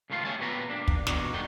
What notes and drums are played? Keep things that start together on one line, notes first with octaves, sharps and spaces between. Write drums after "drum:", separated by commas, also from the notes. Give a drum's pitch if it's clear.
C#2 A2 D#3 A3 F4 F5
A#3 G4 C#5 E5 G#5 A5
A#2 B3 G4 B4 A#5
A#3 D4 G4
drum: kick
B2 E3 D4 D#4 F#4, drum: snare
G2 A3 D#4 A4 G5